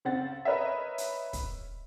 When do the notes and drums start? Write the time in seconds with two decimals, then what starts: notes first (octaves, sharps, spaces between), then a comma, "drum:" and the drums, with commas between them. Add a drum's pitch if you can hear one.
0.05 C#3 C4 F#5 A6
0.45 A#4 B4 C#5 D#5 E5
0.98 drum: hi-hat
1.33 drum: kick, hi-hat